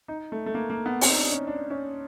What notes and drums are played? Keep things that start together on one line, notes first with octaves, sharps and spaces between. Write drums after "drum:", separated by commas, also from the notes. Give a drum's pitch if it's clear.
D#4
A3
A3
A#3
A#3
B3
C4, drum: open hi-hat
D#4
D4
C#4
D4
C#4